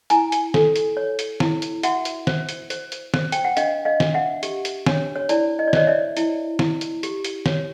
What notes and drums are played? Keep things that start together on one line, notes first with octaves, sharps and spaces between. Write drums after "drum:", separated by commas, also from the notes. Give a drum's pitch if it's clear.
E4 G#5 A#5, drum: hi-hat
drum: hi-hat
A4, drum: snare
drum: hi-hat
C#5
drum: hi-hat
E4, drum: snare
drum: hi-hat
F#4 E5 F#5, drum: hi-hat
drum: hi-hat
C5, drum: snare
drum: hi-hat
C5, drum: hi-hat
drum: hi-hat
C5, drum: snare
G5, drum: hi-hat
F#5
D4 D#5 F5, drum: hi-hat
D#5 F5
D4, drum: snare
E5 F#5
G4, drum: hi-hat
drum: hi-hat
D4 C#5, drum: snare
C#5
E4 D5, drum: hi-hat
D#5
D5
C5 C#5 D#5, drum: snare
D5 E5
E4, drum: hi-hat
E4, drum: snare
drum: hi-hat
G4, drum: hi-hat
drum: hi-hat
C#5, drum: snare